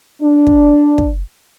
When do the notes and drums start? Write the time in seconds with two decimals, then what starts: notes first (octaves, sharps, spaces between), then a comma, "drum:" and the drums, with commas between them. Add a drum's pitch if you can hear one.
0.21 D4
0.47 drum: kick
0.98 drum: kick